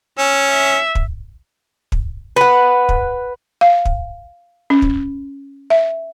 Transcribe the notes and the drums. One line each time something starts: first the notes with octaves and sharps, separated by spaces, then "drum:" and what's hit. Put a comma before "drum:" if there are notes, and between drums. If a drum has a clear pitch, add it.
C#4 E6
E5
drum: kick
drum: kick
B4 F#5
drum: kick
F5
drum: kick
C#4
drum: kick
E5